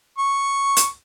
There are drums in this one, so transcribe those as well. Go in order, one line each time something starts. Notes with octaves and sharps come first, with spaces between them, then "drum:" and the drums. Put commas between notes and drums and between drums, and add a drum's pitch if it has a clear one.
C#6
drum: hi-hat